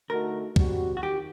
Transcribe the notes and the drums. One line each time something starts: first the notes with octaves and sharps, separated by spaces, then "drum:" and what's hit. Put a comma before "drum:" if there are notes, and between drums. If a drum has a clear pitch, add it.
D3 A3 D#4 F#4 A#4
G3 C4 F#4, drum: kick
F#4
D#3 G4